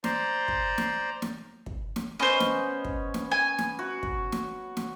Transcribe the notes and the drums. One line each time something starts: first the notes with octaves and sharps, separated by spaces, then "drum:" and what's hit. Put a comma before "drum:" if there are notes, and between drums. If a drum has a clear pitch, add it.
C5 D5 A#5 C6, drum: snare
drum: kick
drum: snare
drum: snare
drum: kick
drum: snare
B3 C#4 C5 D#5
drum: snare
drum: kick
drum: snare
G#5
drum: snare
F#4
drum: kick
drum: snare
drum: snare